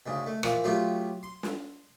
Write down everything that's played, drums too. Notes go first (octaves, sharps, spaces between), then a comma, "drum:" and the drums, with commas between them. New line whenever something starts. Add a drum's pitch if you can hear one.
D2 G#2 C#3
A3
A#2 E3 F3, drum: rim click
F#3 A3 B3 F4 G4
C6
drum: snare